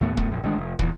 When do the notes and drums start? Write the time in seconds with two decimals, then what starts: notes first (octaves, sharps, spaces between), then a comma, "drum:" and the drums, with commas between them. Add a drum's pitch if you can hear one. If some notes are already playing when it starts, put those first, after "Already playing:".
0.01 D#2 A2 A3 B3
0.17 C2 F#2 A3 B3, drum: kick
0.31 A#1 F#2 B2
0.43 A1 D#3 G#3 D4
0.58 F1
0.79 E2 A#2 E3, drum: kick